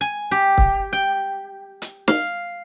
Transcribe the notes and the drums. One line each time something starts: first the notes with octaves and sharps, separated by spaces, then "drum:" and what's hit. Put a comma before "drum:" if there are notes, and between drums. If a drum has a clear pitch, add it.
G#5
G4
drum: kick
G5
drum: hi-hat
F5, drum: snare